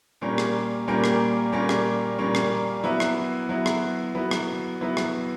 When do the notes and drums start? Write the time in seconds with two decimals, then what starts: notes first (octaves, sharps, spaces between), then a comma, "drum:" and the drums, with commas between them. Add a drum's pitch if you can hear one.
0.21 A#2 G3 A#3 C#4
0.38 drum: rim click
0.88 A#2 G3 A#3 C#4
1.04 drum: rim click
1.52 A#2 G3 A#3 C#4
1.69 drum: rim click
2.18 A#2 G3 A#3 C#4
2.35 drum: rim click
2.84 F#3 B3 E4
3.00 drum: rim click
3.49 F#3 B3 E4
3.66 drum: rim click
4.15 F#3 B3 E4
4.31 drum: rim click
4.81 F#3 B3 E4
4.97 drum: rim click